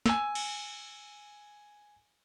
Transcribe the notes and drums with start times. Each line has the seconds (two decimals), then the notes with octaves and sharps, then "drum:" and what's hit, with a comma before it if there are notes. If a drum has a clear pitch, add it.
0.06 G#5 E6, drum: snare
0.35 drum: cymbal